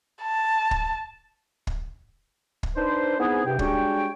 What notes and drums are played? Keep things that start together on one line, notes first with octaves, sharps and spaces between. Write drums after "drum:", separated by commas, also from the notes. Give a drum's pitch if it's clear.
A5
drum: kick
drum: kick
drum: kick
D4 D#4 B4 C5
B3 C4 D#4 E4 G#4
G2 C3 G5
G3 G#3 D4 F#4 C#5 G5, drum: kick